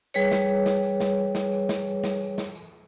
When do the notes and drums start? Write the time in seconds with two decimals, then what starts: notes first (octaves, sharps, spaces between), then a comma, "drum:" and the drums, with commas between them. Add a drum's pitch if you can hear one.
0.14 G3 G#4 B4 C#5, drum: tambourine
0.32 drum: snare
0.49 drum: tambourine
0.66 drum: snare
0.83 drum: tambourine
1.00 drum: snare
1.35 drum: snare
1.52 drum: tambourine
1.69 drum: snare
1.86 drum: tambourine
2.04 drum: snare
2.21 drum: tambourine
2.38 drum: snare
2.55 drum: tambourine